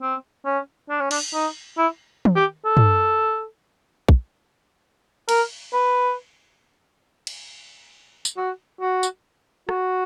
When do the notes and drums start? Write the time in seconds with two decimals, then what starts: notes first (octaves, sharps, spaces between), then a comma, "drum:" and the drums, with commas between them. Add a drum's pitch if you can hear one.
0.02 C4
0.46 C#4
0.90 D4
1.00 C#4
1.11 D4, drum: cymbal
1.34 D#4
1.78 E4
2.25 drum: tom
2.36 G4
2.65 A4
2.77 drum: tom
4.08 drum: kick
5.29 A#4, drum: cymbal
5.73 B4
7.27 drum: cymbal
8.25 drum: tambourine
8.37 F#4
8.81 F#4
9.03 drum: tambourine
9.69 F#4, drum: rim click